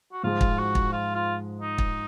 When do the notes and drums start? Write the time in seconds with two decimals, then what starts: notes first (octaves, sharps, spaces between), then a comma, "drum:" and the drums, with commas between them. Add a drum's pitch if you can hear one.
0.13 F#4
0.23 G#2 F3 G#3 F4
0.41 drum: kick
0.58 F#4
0.75 drum: kick
0.93 F4
1.15 F4
1.61 D#4
1.78 drum: kick